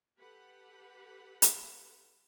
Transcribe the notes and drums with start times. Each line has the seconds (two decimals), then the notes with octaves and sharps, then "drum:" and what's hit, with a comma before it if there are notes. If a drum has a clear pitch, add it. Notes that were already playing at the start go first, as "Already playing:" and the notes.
0.20 G4 A4 B4 F#5 B5
1.42 drum: hi-hat